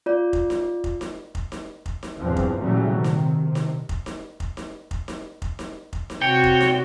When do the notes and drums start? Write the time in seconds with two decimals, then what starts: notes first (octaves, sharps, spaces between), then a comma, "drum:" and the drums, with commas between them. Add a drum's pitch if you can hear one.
0.06 F4 D5
0.33 drum: kick F1
0.50 drum: snare D#4
0.84 drum: kick F1
1.01 drum: snare D#4
1.35 drum: kick F1
1.52 drum: snare D#4
1.86 drum: kick F1
2.03 drum: snare D#4
2.20 E2 G2 C3 E3 F3 C4
2.37 drum: kick F1
2.61 A#2 C#3 E3 F#3 G3 A3
2.95 C3 D#3
3.04 drum: snare D#4
3.44 C3
3.55 drum: snare D#4
3.89 drum: kick F1
4.06 drum: snare D#4
4.40 drum: kick F1
4.57 drum: snare D#4
4.91 drum: kick F1
5.08 drum: snare D#4
5.42 drum: kick F1
5.59 drum: snare D#4
5.93 drum: kick F1
6.10 drum: snare D#4
6.22 C3 F#4 C#5 G5
6.44 drum: kick F1
6.61 drum: snare D#4